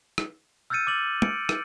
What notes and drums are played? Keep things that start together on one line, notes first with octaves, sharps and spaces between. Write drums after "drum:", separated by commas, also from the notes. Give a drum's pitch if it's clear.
drum: rim click
E6 F6 G6 A6 C#7 D#7
D6 A6 F#7
C#7 D7, drum: tom
drum: rim click